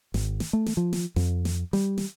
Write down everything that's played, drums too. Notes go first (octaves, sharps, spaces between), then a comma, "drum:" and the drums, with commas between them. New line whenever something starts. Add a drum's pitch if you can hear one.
G#1, drum: snare
drum: snare
A3
drum: snare
F3
drum: snare
F2, drum: snare
drum: snare
G3, drum: snare
drum: snare